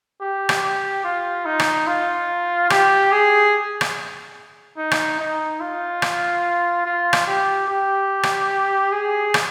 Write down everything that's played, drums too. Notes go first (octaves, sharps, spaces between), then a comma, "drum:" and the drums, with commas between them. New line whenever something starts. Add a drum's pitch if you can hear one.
G4
drum: rim click
G4
F4
D#4
drum: rim click
F4
G4, drum: rim click
G#4
drum: rim click
D#4
drum: rim click
D#4
F4
drum: rim click
F4
drum: rim click
G4
G4
drum: rim click
G#4
drum: rim click